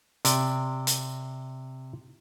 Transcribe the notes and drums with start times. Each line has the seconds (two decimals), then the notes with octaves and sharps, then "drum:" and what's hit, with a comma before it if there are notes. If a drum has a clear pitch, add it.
0.25 C3 D5, drum: hi-hat
0.87 drum: hi-hat